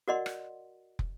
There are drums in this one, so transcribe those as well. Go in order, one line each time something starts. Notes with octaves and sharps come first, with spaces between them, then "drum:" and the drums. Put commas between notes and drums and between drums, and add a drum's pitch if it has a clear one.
F#4 A#4 D5 D#5 F#5 C6
drum: rim click
drum: kick